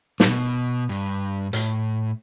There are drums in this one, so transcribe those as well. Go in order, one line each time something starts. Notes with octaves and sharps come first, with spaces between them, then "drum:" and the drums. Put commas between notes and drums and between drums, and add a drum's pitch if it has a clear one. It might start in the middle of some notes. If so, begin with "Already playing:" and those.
A2, drum: snare
B2
G2
A2, drum: hi-hat